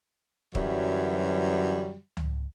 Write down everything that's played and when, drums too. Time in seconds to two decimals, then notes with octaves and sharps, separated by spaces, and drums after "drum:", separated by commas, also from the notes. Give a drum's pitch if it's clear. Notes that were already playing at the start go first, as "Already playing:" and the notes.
0.55 F#2 D3 E3 F#3 G3, drum: kick
2.17 drum: tom C#2